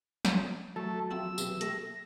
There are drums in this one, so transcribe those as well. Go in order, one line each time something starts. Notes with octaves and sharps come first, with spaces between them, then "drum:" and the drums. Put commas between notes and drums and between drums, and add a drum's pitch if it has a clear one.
drum: snare
F#3 A3 A4
F3 C4 E4 E6
C3 E3, drum: tambourine
G3 A3 A4 A#6, drum: hi-hat